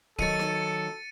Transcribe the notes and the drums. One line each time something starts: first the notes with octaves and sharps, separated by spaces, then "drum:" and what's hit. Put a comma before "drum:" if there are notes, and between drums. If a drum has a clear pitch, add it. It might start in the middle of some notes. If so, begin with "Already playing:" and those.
D#3 F#3 A4 A6 C#7 D#7, drum: kick
drum: snare D#4